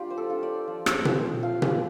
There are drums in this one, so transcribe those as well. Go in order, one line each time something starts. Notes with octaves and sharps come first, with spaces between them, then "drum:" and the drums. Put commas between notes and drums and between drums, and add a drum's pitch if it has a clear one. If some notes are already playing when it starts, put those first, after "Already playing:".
Already playing: G3 D4 F4 G4 D5
C5
A4
D4 F4
D5
F3
drum: rim click
C4 F4, drum: tom B2
F3 F5
D5, drum: tom B2